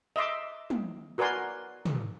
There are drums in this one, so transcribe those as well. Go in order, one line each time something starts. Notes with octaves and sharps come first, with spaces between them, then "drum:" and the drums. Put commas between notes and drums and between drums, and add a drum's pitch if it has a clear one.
D#5 E5 C6 D6
drum: tom
F#4 A#4 B4 D5 G#5 C6
drum: tom